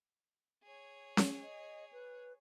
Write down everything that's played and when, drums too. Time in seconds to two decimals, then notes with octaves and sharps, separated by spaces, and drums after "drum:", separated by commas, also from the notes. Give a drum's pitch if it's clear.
0.64 G#4 C#5
1.17 drum: snare C#4
1.42 D#5
1.93 B4